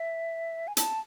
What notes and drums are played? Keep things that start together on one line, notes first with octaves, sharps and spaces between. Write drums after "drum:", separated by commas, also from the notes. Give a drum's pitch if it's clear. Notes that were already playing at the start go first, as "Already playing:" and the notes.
Already playing: E5
G#5
A5, drum: hi-hat